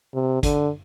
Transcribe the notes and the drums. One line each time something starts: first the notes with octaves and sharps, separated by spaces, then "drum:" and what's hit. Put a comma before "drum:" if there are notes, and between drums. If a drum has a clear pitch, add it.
C3
D3, drum: kick, hi-hat